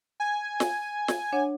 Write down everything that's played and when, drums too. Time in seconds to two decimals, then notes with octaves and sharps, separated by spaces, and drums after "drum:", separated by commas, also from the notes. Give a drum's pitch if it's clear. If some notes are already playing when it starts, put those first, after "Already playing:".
0.20 G#5
0.60 drum: snare
1.08 drum: snare
1.32 D4 C#5 F#5